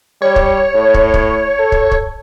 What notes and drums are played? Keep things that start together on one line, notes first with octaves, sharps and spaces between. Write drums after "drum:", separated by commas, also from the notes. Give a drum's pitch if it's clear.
G3 C#5
drum: kick
A2
drum: kick
drum: kick
A4
drum: kick
drum: kick